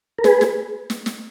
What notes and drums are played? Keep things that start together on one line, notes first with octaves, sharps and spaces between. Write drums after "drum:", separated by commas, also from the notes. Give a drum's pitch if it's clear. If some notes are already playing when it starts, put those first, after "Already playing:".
A#4
G#4 B4, drum: snare
drum: snare
drum: snare
drum: snare